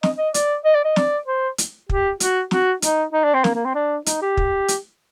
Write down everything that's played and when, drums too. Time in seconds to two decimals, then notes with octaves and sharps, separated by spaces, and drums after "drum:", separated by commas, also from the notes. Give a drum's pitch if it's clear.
0.03 D#5, drum: snare
0.17 D#5
0.34 D5, drum: hi-hat
0.65 D#5
0.75 D5
0.85 D#5
0.96 D5, drum: snare
1.27 C5
1.58 drum: hi-hat
1.90 G4, drum: kick
2.20 F#4, drum: hi-hat
2.51 F#4, drum: snare
2.82 D#4, drum: hi-hat
3.13 D#4
3.24 D4
3.34 C4
3.44 A#3, drum: snare
3.55 A#3
3.65 C4
3.75 D4
4.06 D#4, drum: hi-hat
4.22 G4
4.37 drum: kick
4.68 drum: hi-hat